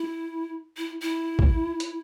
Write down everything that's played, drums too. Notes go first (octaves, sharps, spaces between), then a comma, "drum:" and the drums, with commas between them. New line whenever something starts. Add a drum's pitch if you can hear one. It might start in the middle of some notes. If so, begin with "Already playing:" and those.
Already playing: E4
E4
E4
drum: kick A1
drum: hi-hat